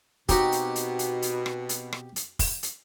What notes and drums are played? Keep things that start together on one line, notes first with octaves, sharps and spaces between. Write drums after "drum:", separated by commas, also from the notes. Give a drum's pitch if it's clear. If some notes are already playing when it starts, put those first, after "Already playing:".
B2 C4 D#4 F#4 G4, drum: kick, hi-hat
drum: hi-hat
drum: hi-hat
drum: hi-hat
drum: hi-hat
drum: rim click
drum: hi-hat
drum: rim click
drum: hi-hat
drum: kick, open hi-hat
drum: hi-hat